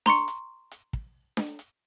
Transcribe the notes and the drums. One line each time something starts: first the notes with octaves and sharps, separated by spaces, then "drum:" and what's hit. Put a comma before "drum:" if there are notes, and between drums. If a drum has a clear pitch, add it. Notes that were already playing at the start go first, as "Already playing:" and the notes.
A#5 C6 C#6 C#7, drum: snare D4
drum: hi-hat
drum: hi-hat
drum: kick
drum: snare D4
drum: hi-hat